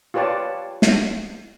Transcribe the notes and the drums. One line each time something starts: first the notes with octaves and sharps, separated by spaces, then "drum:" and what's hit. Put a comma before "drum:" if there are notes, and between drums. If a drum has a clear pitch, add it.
F4 G4 B4 C#5 D5 A5
drum: snare